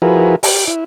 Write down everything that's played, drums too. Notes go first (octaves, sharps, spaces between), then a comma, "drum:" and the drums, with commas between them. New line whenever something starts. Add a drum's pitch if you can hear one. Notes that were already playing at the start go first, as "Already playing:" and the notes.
F3 E4 F#4 G#4 A#4 B4
G4, drum: open hi-hat
E4